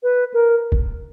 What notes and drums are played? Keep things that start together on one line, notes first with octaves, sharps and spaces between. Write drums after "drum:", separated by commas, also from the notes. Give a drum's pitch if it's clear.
B4
A#4
drum: kick